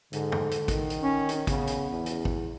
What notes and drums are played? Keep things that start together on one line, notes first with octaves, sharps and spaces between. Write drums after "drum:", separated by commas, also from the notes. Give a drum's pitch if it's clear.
G#2 D3, drum: hi-hat
drum: tom
drum: hi-hat
D#3, drum: kick, hi-hat
drum: hi-hat
C#4
drum: hi-hat
C#3 B3, drum: kick, hi-hat
drum: hi-hat
E2
drum: hi-hat
drum: kick